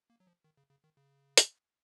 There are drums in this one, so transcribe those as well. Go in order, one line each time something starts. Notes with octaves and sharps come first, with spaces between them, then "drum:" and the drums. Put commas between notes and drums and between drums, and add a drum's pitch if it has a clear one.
A#3
F#3
F3
D#3
C#3
C#3
D#3
C#3
drum: hi-hat